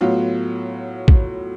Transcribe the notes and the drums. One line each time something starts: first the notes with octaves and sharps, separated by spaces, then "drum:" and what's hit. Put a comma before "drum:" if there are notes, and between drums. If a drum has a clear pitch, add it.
A2 F#3 B3 F4
drum: kick